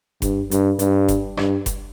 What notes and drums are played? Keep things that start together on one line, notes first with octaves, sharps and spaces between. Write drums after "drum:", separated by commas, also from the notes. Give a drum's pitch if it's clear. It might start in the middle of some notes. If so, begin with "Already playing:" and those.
G2, drum: kick F1, hi-hat
G2, drum: hi-hat
G2, drum: hi-hat
drum: kick F1, hi-hat
G2, drum: rim click
drum: kick F1, hi-hat